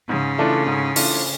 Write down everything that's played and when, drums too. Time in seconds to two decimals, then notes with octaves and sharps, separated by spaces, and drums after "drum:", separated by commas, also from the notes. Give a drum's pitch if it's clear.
0.09 G#2 C#3
0.38 E3 A3 D4 F4
0.67 G#2
0.96 E3 A3 D4 F4, drum: open hi-hat